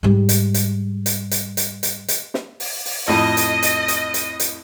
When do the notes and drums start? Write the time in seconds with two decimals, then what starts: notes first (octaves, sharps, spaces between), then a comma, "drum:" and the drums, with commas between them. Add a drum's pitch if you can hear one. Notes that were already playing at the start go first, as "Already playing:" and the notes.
0.03 G#2 G3
0.29 drum: hi-hat
0.54 drum: hi-hat
1.06 drum: hi-hat
1.31 drum: hi-hat
1.57 drum: hi-hat
1.83 drum: hi-hat
2.08 drum: hi-hat
2.34 drum: snare
2.60 drum: open hi-hat
2.85 drum: open hi-hat
3.08 F2 A2 D#5
3.37 drum: hi-hat
3.63 drum: hi-hat
3.88 drum: hi-hat
4.14 drum: hi-hat
4.40 drum: hi-hat